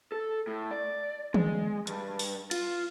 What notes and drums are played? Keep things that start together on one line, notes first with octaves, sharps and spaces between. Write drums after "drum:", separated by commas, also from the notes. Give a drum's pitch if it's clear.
A4
A2
D5
G#3, drum: tom
G2, drum: hi-hat
drum: open hi-hat
F4, drum: cymbal